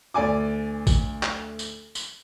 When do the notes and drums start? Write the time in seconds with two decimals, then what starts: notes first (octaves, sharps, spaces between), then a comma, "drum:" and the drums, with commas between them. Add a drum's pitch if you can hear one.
0.14 D2 D5 G#5 D6
0.87 drum: kick A1, tambourine
1.23 drum: clap
1.59 drum: tambourine
1.95 drum: tambourine